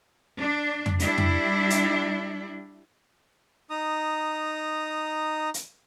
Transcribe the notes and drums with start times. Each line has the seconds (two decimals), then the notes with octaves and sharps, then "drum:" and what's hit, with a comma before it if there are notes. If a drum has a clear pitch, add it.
0.39 D4
0.86 drum: tom
1.00 G3 D4 E4, drum: hi-hat
1.18 drum: tom
1.70 drum: hi-hat
3.70 D#4 A#5 D#6
5.54 drum: hi-hat